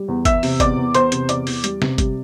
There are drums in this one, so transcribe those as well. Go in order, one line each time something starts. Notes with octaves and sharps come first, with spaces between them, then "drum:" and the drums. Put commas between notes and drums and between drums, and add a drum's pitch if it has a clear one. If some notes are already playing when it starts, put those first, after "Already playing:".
Already playing: G3
E2
E2 E5 E6, drum: kick, hi-hat
C3, drum: open hi-hat
E2 D5 D6, drum: kick, hi-hat
E2
E2 C5 C6, drum: hi-hat
C3, drum: hi-hat
E2 D5 D6, drum: hi-hat
E2, drum: open hi-hat
G3, drum: hi-hat
C3, drum: snare
G3, drum: kick, hi-hat